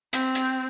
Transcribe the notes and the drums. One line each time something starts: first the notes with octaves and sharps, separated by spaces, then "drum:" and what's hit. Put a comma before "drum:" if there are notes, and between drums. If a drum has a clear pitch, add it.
C4, drum: hi-hat
drum: hi-hat